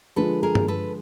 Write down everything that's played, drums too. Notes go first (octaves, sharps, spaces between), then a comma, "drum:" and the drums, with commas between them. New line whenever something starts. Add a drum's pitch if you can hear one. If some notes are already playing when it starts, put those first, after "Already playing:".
D3 F3 G#3 A4 B4
G#4 A#4
drum: tom
A4 B4